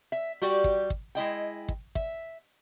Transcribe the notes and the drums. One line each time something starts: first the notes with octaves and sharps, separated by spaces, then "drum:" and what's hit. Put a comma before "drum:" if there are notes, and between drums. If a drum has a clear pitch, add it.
E5
G3 F#4 G4 D5
drum: kick
drum: kick
G#3 E4 D#5 G5
drum: kick
E5, drum: kick